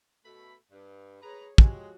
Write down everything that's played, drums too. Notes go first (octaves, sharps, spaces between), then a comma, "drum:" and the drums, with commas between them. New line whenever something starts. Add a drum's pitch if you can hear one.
B2 A3 B5
G2
G#4 B4 C#5 A#5
F3 G#3 F#4 G4 C#5 G#5, drum: kick